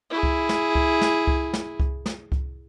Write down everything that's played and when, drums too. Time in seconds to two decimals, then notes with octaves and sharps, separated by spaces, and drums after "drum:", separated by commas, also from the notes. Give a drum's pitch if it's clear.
0.10 E4 G#4
0.23 drum: kick C2
0.49 drum: snare
0.75 drum: kick C2
1.01 drum: snare
1.27 drum: kick C2
1.54 drum: snare
1.80 drum: kick C2
2.06 drum: snare
2.32 drum: kick C2